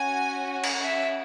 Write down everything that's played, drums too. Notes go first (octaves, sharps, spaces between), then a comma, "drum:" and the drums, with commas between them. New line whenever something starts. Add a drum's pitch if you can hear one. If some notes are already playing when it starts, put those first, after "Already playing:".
Already playing: C#4 F#4 G#5
drum: cymbal
E5